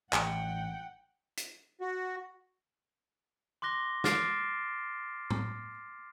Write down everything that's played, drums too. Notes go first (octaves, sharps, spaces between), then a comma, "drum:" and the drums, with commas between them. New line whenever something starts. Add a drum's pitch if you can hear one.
A1 F#5 G5, drum: clap
drum: hi-hat
F#4
C6 D6 F#6 A#6 G7
D6 F6 A6 C7 D7 E7, drum: snare
drum: tom A2